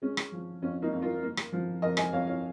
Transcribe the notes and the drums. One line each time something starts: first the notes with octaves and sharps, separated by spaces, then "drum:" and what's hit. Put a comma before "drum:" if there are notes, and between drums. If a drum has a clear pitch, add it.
G#3 C#4
drum: rim click
F3
F2 C#4
A#3 D#4
F2
F4 A#4
A#3
drum: rim click
F3
F2 A#4 D#5
D#5 G#5, drum: rim click
F2 C#5 F5
C#5 F5